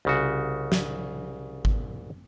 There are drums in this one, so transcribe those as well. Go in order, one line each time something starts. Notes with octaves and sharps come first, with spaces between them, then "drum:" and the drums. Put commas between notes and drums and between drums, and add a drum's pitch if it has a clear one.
C2 C#3 F#4
drum: snare
drum: kick G#1